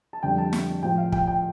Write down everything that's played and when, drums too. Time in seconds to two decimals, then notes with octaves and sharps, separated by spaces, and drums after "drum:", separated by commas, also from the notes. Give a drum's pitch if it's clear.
0.13 A5
0.23 F2 D3 G3 G5
0.38 A5
0.53 drum: snare
0.82 A2 F3 G5
0.98 F5
1.12 G5, drum: kick
1.27 G5